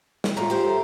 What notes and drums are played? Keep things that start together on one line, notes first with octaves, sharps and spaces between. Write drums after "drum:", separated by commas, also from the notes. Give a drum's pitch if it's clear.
drum: snare
F#2 A2 F4 A#5
G4 A#4 C5
A4 E5 A#5